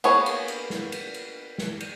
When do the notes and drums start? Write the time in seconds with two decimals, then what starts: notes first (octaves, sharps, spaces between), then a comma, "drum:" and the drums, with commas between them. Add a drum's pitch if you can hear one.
0.04 A#3 B3 G#4 C#5, drum: cymbal
0.26 drum: cymbal
0.48 drum: cymbal
0.70 drum: snare
0.92 drum: cymbal
1.14 drum: cymbal
1.58 drum: snare
1.81 drum: cymbal